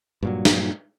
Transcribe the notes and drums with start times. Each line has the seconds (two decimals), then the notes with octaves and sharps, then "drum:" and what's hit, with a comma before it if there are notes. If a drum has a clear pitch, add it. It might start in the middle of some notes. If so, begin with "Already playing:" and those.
0.23 G2 A#2 F#3
0.45 drum: snare